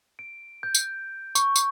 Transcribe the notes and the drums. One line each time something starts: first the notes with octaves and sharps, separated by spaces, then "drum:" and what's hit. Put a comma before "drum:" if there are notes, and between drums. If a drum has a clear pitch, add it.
D7
G6
drum: tambourine
C#6, drum: tambourine
drum: tambourine